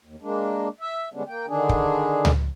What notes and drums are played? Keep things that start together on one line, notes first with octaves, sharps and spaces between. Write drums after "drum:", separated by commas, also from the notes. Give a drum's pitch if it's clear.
D#2
G#3 A#3 D4
E5
D3 G3 G#3 B3 C#4 D4
A#3 G5
D3 D#3 D4 G#4
drum: kick
drum: tom C#2